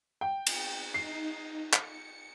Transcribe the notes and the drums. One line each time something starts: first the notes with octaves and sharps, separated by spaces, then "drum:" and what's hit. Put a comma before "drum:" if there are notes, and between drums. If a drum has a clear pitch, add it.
G5
drum: cymbal
D#4 C7
C#7, drum: clap